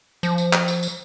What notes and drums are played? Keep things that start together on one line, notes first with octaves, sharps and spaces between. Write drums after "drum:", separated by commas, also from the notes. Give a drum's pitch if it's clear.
F3, drum: tambourine
drum: tambourine
drum: clap
drum: tambourine
drum: tambourine